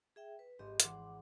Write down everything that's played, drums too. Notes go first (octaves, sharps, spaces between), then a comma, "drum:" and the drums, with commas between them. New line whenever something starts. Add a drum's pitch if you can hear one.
G#4 E5 G5
B4
G#1 G4 D#5 C6
E3 F#5 C6 D6, drum: hi-hat